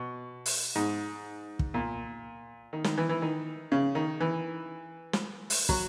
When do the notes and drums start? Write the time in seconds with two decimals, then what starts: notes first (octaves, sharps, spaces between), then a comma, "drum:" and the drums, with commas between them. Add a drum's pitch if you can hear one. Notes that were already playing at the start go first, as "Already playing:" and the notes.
Already playing: B2
0.46 drum: open hi-hat
0.75 G#2
1.59 drum: kick
1.74 A#2
2.73 D#3
2.84 D#3, drum: snare
2.98 E3
3.09 E3
3.22 D#3
3.72 C#3
3.95 D#3
4.21 E3
5.13 drum: snare
5.50 drum: open hi-hat
5.69 F#3, drum: kick